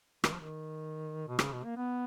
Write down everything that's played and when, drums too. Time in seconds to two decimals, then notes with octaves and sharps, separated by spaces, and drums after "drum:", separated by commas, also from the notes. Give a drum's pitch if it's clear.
0.24 D#3, drum: rim click
0.32 F3
0.40 D#3
1.28 B2
1.39 C#3, drum: rim click
1.52 B2
1.64 A#3
1.77 B3